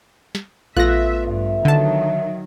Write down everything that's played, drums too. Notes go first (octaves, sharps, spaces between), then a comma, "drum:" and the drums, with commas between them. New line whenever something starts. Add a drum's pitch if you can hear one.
drum: snare
A3 B3 F4 E5 F#6 A#6, drum: kick A#1
G2 E5
D3 D#3 F#3 A5